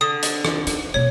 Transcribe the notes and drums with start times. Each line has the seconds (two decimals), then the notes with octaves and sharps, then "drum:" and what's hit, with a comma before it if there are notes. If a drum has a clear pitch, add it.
0.01 D3 D#6
0.23 drum: hi-hat
0.45 drum: rim click
0.67 D#4, drum: hi-hat
0.94 B2 A#3 C#5